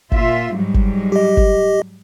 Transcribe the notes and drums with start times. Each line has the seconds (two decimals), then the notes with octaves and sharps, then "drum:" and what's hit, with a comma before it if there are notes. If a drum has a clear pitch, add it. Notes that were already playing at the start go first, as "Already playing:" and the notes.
0.12 A#2 F4 E5, drum: kick
0.54 G#2 F#3 G3
0.74 drum: kick
1.12 G4 D#5
1.37 drum: kick